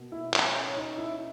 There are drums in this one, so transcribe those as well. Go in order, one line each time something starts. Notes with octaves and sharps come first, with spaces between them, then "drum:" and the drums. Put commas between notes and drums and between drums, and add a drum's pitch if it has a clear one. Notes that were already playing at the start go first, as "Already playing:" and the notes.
Already playing: B2 A#3
E4
drum: clap
C#4
C#4
D#4
E4